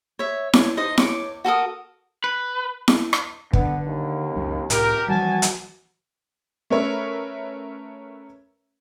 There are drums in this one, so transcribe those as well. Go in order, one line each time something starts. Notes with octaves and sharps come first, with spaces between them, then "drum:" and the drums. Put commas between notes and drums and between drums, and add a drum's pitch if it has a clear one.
C#5 E5
C#5 D5, drum: snare E4
D#4 C5 D#5
C#5 C#6 D6, drum: snare E4
F#4 A4 A#4 D#6
B4
drum: snare E4
drum: rim click
D3 B3 D4, drum: kick
D#2
C#2 F#2
C2 A2 G4 A#4, drum: hi-hat
E3 F3 G3 F#4 G#5 A5
drum: hi-hat
A3 C#4 A#4 B4 C#5 E5